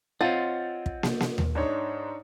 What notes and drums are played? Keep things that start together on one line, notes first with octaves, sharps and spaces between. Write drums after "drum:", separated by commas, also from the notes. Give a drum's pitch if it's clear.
C4 F4 C#5 D#5 F#5 A6
drum: kick
drum: snare
drum: snare
drum: tom D#2
G#2 D4 D#4 C#5